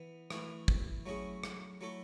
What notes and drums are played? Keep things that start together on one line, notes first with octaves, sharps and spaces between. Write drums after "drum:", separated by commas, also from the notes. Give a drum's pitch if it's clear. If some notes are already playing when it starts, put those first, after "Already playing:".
Already playing: E3 B3
E3 A3 E4, drum: rim click
drum: kick
F#3 A3 C#4 E4 G#4
drum: rim click
F#3 A3 E4 A4